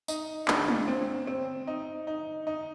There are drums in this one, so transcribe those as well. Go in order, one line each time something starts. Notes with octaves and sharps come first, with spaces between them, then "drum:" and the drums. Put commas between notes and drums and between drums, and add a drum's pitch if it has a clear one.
D#4, drum: tambourine
D4, drum: clap
drum: tom G#3
C4
C4
D#4
D#4
D#4